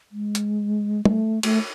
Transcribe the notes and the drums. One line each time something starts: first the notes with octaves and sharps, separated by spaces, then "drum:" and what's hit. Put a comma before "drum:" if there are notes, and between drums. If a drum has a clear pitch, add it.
G#3
drum: hi-hat
A3, drum: tom
A3, drum: cymbal